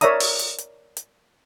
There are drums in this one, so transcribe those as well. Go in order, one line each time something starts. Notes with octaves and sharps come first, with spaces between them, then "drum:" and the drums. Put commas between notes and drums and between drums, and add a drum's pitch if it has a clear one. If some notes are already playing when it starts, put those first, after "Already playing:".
A#4 C#5 D5 E5 A#5 D#6, drum: hi-hat
drum: open hi-hat
drum: hi-hat
drum: hi-hat
drum: hi-hat